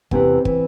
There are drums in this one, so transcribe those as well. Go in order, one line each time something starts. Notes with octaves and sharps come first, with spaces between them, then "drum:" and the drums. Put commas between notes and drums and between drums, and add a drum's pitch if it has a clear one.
E2 C3 E3 C4, drum: kick
E3, drum: kick